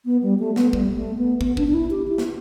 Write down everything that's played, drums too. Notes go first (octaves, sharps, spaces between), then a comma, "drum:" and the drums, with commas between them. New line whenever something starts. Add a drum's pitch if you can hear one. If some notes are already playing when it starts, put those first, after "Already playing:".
B3
G3
A3
B3, drum: snare
G3, drum: kick
A3
B3
B3, drum: kick
D4, drum: kick
D4
E4
G4
E4
drum: snare